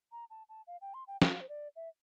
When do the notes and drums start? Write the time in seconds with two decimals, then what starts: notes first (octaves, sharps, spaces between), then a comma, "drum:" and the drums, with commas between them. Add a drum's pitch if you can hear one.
0.12 A#5
0.30 A5
0.49 A5
0.67 F5
0.81 G5
0.94 C6
1.07 G5
1.22 F5, drum: snare
1.41 C5
1.49 D5
1.76 E5